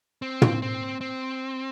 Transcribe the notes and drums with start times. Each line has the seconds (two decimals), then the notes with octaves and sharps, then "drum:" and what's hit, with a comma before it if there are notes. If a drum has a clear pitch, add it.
0.22 C4
0.42 drum: tom
0.62 C4
1.01 C4